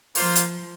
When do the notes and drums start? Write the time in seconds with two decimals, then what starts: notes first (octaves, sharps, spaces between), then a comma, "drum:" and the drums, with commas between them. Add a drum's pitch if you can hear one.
0.15 F3 A#3 F4 C5, drum: open hi-hat
0.35 drum: hi-hat